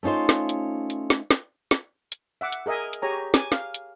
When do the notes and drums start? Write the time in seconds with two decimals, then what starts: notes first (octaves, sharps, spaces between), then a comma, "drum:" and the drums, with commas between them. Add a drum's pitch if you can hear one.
0.03 A3 C#4 D#4 F4 C5
0.29 drum: snare
0.49 drum: hi-hat
0.90 drum: hi-hat
1.10 drum: snare
1.31 drum: snare
1.71 drum: snare
2.12 drum: hi-hat
2.41 E5 F#5 D6
2.52 drum: hi-hat
2.66 G#4 A#4 D#5 E5 G#5
2.93 drum: hi-hat
3.02 G4 G#4 C#5 G#5 A#5
3.34 G#5 D6, drum: snare
3.52 F5, drum: snare
3.74 drum: hi-hat